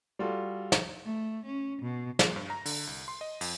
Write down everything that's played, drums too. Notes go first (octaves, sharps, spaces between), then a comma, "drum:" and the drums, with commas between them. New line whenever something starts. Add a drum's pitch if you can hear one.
G3 F4 F#4 A4
drum: snare
A3
C#4
B2
A#2, drum: snare
G2
A#5
D3, drum: open hi-hat
C2
C6
D#5
F2, drum: open hi-hat